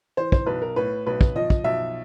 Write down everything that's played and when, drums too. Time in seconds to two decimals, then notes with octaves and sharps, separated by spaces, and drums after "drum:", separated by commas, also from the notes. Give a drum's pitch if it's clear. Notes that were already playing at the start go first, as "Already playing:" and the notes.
0.17 E3 C5
0.32 C5, drum: kick
0.46 B1 B4
0.62 A#4
0.76 A2 B4
1.06 B1 B4
1.21 drum: kick
1.36 F3 D#5
1.50 drum: kick
1.64 B1 E5